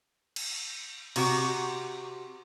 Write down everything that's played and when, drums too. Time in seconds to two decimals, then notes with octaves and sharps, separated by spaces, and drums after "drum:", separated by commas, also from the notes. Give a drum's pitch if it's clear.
0.36 drum: cymbal
1.16 C3 F#4 A#5 C#6 D6, drum: cymbal